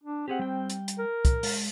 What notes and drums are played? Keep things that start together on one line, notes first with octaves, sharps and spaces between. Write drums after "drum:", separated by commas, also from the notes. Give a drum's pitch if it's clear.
D4
C4 G4 G#4 F#5
G3 G5
drum: hi-hat
drum: hi-hat
A#4
drum: kick, hi-hat
G#3, drum: open hi-hat